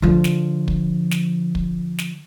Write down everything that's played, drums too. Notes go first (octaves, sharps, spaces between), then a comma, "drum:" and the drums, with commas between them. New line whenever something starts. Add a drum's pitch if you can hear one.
D3 F3
drum: snare
drum: kick
drum: snare
drum: kick
drum: snare